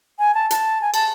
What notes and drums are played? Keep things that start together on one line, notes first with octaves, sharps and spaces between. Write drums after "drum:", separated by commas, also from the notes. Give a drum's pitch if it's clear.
G#5
A5
A5, drum: hi-hat
G#5
A5, drum: cymbal